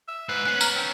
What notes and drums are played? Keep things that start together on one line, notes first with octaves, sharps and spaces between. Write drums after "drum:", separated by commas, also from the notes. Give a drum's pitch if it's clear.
E5
G#2 B4 C5
B3 C#4 F#6 C7
A#5 F6 F#7, drum: tambourine
C4